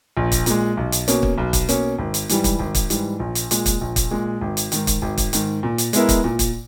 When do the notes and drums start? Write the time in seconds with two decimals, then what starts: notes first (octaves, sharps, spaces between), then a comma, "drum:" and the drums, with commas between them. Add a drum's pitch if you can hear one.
0.17 A#1
0.32 drum: kick, hi-hat
0.46 A#2 G#3, drum: hi-hat
0.77 B1
0.92 drum: hi-hat
1.08 B2 A#3 C#4, drum: hi-hat
1.23 drum: kick
1.38 B1
1.53 drum: kick, hi-hat
1.69 B2 A#3 C#4, drum: hi-hat
1.99 G#1
2.14 drum: hi-hat
2.29 G#2 E3 G3, drum: hi-hat
2.44 drum: kick, hi-hat
2.59 G#1
2.75 drum: kick, hi-hat
2.90 G#2 E3 G3, drum: hi-hat
3.19 A#1
3.35 drum: hi-hat
3.51 A#2 G#3, drum: hi-hat
3.66 drum: kick, hi-hat
3.81 A#1
3.96 drum: kick, hi-hat
4.11 A#2 G#3
4.41 G#1
4.57 drum: hi-hat
4.72 G#2 D#3, drum: hi-hat
4.87 drum: kick, hi-hat
5.02 G#1
5.18 drum: kick, hi-hat
5.33 G#2 D#3, drum: hi-hat
5.63 A#2
5.78 drum: hi-hat
5.93 G#3 B3 E4 A#4, drum: hi-hat
6.09 drum: kick, hi-hat
6.24 A#2
6.39 drum: kick, hi-hat